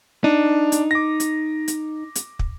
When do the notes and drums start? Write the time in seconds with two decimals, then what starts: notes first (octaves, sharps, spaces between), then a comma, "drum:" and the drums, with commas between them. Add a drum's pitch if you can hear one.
0.24 D4 D#4
0.72 drum: hi-hat
0.91 D6 A#6
1.20 drum: hi-hat
1.68 drum: hi-hat
2.15 drum: hi-hat
2.39 drum: kick